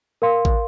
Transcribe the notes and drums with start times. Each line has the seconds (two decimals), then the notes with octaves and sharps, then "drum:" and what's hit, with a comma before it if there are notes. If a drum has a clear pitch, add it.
0.22 A#4 F5 C6
0.45 drum: kick